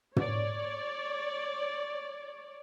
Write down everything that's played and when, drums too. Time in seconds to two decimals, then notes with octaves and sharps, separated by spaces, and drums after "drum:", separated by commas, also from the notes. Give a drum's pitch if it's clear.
0.16 C#5 D5, drum: tom